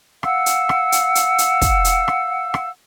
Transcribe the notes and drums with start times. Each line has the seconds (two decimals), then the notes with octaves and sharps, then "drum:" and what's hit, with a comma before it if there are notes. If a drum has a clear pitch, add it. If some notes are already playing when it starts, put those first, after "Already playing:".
0.23 F5 F#5 E6, drum: rim click
0.46 drum: hi-hat
0.69 drum: rim click
0.92 drum: hi-hat
1.15 drum: hi-hat
1.38 drum: hi-hat
1.61 drum: kick, hi-hat
1.85 drum: hi-hat
2.08 drum: rim click
2.54 drum: rim click